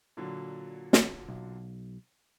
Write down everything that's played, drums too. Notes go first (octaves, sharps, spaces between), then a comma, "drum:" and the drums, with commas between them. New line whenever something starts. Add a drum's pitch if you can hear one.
A#2 D3 F#3
drum: snare
B1